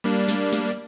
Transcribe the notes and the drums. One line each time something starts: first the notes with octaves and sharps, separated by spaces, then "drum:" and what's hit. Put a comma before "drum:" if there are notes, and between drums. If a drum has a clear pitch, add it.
G3 A#3 D4
drum: snare
drum: snare